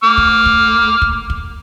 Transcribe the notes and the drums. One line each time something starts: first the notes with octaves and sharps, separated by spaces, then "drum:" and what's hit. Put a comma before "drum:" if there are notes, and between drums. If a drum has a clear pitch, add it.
D6 F6
drum: kick
drum: kick
drum: kick
drum: kick